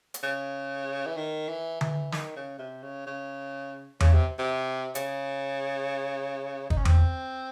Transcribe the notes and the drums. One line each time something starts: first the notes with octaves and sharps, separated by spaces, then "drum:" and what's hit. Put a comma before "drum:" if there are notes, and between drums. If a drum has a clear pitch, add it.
drum: hi-hat
C#3
E3
D#3
E3
E3, drum: tom D3
D#3, drum: snare
C#3
C3
C#3
C#3
C#3, drum: tom E2
C3
C3
C#3, drum: hi-hat
D#4, drum: kick
C#4
C4, drum: tom E2